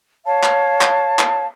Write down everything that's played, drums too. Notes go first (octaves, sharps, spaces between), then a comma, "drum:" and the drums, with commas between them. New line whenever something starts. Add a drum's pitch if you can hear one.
C#5 F5 A5
drum: clap
drum: clap
drum: clap